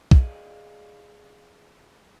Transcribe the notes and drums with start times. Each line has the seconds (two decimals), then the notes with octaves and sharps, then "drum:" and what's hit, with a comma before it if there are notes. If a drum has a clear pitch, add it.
0.11 G#4 C5 D5 D#5 F5, drum: kick